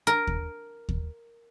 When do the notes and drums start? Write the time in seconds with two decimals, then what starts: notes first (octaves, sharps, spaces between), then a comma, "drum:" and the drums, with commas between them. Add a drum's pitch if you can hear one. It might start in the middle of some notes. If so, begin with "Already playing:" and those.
0.07 A#4
0.27 drum: kick D#2
0.89 drum: kick D#2